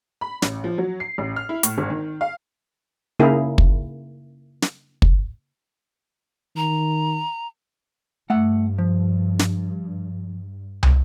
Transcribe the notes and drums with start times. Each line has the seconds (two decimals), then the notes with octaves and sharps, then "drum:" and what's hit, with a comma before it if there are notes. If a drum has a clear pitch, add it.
0.21 B5
0.42 A1, drum: snare
0.64 F3
0.78 F#3
1.00 C7
1.18 A1
1.36 F6
1.49 E4
1.63 A2, drum: hi-hat
1.78 G#1
1.90 D#3
2.21 F5
3.19 C#3 A#3 D#4 E4 G#4 A#4
3.58 drum: kick
4.62 drum: snare
5.02 drum: kick
6.56 D#3 A#5
8.30 G2 A3 F#5
8.78 F3
9.39 drum: snare
10.83 drum: tom